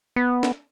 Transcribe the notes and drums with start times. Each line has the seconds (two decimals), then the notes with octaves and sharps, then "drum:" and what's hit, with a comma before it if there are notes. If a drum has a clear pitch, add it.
0.16 B3
0.43 drum: snare